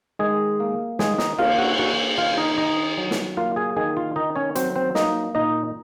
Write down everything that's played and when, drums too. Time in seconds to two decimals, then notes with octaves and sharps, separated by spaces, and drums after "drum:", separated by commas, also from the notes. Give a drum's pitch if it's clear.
0.19 D#3 G#3 G#4
0.60 A#3
0.99 D#3 G#3 G#4, drum: snare
1.18 D#4 D#5, drum: snare
1.38 A#3 F4 F5, drum: cymbal
1.58 F#4 F#5
1.79 A#3 F#4 F#5
2.18 D#3 F4 F5
2.38 D#4 D#5
2.58 D#3 D#4 D#5
2.98 F#3
3.11 drum: snare
3.37 A#3 F4 F5
3.56 G#4 G#5
3.77 D#3 G#4 G#5
3.97 F4 F5
4.16 D#3 D#4 D#5
4.36 C#4 C#5
4.55 F#3 C4 C5, drum: hi-hat
4.76 C4 C5
4.95 A#3 D#4 D#5, drum: snare
5.35 A#2 D#4 D#5